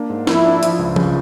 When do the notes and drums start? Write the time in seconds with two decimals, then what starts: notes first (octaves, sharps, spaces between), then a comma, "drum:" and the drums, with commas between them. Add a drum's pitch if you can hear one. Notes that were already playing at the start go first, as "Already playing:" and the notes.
Already playing: A#3 D4
0.10 G#2
0.27 F3 E4, drum: snare
0.45 D4
0.63 F3, drum: hi-hat
0.79 C#2
0.96 C#3, drum: tom